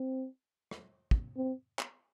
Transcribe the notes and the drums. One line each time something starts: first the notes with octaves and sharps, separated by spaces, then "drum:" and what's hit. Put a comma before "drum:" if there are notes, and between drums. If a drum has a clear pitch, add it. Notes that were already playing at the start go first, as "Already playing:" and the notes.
Already playing: C4
drum: rim click
drum: kick
C4
drum: clap